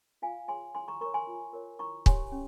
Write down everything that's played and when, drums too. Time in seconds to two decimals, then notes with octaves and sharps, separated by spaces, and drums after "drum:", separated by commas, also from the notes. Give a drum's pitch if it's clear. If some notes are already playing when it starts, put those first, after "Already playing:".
0.22 F4 F5 G#5
0.48 G#4 C#5 G#5 C6
0.75 E4 G#5 C6
0.88 A#5 C#6
1.01 A#4 C#5 A#5 C#6
1.14 G#5 C6
1.27 F4
1.53 A#4 C#5
1.79 E4 A#5 C#6
2.06 G4 C#5 G#5 C6, drum: kick
2.32 C#4